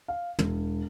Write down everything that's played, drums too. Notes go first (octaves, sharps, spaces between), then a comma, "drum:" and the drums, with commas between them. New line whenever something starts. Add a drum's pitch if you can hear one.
F5
E1, drum: tom